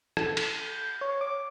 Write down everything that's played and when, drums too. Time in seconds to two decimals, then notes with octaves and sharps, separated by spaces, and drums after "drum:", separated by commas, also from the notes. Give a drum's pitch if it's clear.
0.17 A4, drum: rim click
0.37 drum: cymbal
0.62 G6
1.01 C#5
1.21 D6